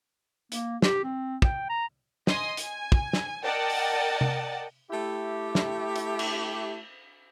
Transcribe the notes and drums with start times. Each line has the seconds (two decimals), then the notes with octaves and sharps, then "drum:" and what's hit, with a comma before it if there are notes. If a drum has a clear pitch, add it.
0.52 A#3, drum: hi-hat
0.82 G4, drum: snare
1.04 C4
1.42 G5, drum: kick
1.69 A#5
2.27 D#5 G#5 C6 D#6, drum: snare
2.57 G#5, drum: hi-hat
2.92 drum: kick
3.13 drum: snare
3.43 A#4 D5 D#5 F#5 G5 A5
3.70 drum: open hi-hat
4.21 drum: tom C3
4.92 A3 E4 G4
5.55 drum: snare
5.96 drum: hi-hat
6.19 drum: cymbal